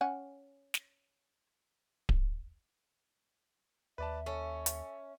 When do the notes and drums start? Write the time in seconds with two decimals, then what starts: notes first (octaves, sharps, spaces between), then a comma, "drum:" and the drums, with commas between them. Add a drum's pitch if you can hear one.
0.01 C#4 F#5 G#5
0.74 drum: snare
2.09 drum: kick D1
3.98 D#2 B4 D5 E5 A5
4.26 C#4 A4
4.66 drum: hi-hat